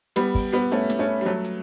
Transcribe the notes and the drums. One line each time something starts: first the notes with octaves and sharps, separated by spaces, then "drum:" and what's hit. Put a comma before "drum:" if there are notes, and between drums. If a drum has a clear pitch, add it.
G3 B3, drum: snare
drum: kick, open hi-hat
G3 B3
A3 C#4, drum: hi-hat
drum: snare
A3 C#4
G3
F#3 A3
drum: hi-hat